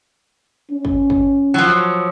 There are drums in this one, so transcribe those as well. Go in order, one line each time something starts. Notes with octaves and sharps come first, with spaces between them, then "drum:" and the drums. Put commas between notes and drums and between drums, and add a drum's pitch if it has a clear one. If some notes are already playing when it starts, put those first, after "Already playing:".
C#4
drum: kick
drum: kick
F3 F#3